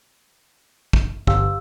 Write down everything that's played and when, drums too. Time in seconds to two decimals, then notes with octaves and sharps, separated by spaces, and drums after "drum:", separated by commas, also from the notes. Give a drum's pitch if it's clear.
0.93 drum: kick
1.27 G1 G4 F5 E6, drum: kick